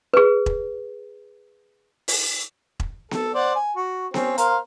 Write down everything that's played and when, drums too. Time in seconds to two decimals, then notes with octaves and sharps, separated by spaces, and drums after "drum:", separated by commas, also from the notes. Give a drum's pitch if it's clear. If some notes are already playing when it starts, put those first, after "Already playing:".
0.14 G#4 B4
0.46 drum: kick E1
2.08 drum: open hi-hat
2.80 drum: kick E1
3.11 A4, drum: snare B3
3.34 C5 D5 F#5
3.55 G#5
3.76 F#4
4.14 C4 C#4, drum: snare B3
4.38 A#4 C5 F5, drum: hi-hat